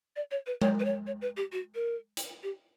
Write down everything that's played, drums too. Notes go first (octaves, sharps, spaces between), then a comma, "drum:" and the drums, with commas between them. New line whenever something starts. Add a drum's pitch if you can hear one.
D5
C#5
B4
C#5, drum: tom G#3
B4
C#5
C#5
B4
G4
F#4
A#4
drum: hi-hat
G4